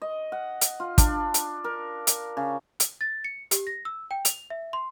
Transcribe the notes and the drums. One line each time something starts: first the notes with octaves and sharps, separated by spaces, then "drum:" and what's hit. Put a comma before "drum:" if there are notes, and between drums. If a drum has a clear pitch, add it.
D#5
F#5
drum: hi-hat
F4
D4, drum: kick, hi-hat
drum: hi-hat
A#4
drum: hi-hat
C#3
drum: hi-hat
A6
C#7
G4, drum: hi-hat
A#6
E6
G5
F7, drum: hi-hat
E5
C6